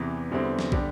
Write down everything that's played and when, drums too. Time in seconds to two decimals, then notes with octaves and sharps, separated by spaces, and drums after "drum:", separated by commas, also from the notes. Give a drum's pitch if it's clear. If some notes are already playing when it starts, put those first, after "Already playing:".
Already playing: E2 C3 E3
0.31 E2 D3 G3 C4 E4
0.59 drum: snare
0.72 D3 G3 D4 G4, drum: kick